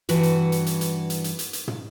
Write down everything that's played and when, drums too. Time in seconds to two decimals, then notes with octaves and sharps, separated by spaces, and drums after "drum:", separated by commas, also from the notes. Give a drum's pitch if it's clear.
0.09 G2 E3 F#4, drum: hi-hat
0.23 drum: hi-hat
0.52 drum: hi-hat
0.66 drum: hi-hat
0.81 drum: hi-hat
1.10 drum: hi-hat
1.24 drum: hi-hat
1.39 drum: hi-hat
1.53 drum: hi-hat
1.68 drum: tom